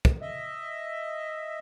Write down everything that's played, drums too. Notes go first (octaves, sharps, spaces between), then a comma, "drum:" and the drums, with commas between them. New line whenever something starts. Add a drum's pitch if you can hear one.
drum: kick
D#5 E5